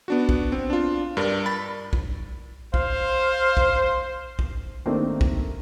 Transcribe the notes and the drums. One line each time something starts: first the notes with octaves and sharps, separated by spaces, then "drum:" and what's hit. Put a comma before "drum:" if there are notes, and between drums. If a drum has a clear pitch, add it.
B3 D4 F#4
drum: kick
C4
D4 F4
G2 A#4 D5
B5 A6
drum: kick
C5 F5, drum: kick
drum: kick
drum: kick
D#3 A3 A#3 C4 D4
drum: kick